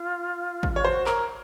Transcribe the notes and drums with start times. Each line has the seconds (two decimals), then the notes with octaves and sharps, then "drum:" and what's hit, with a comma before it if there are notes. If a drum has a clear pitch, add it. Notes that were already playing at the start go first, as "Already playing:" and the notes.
Already playing: F4
0.63 drum: kick
0.76 C#5
0.84 F#4 C5
1.06 A#4 C#5, drum: clap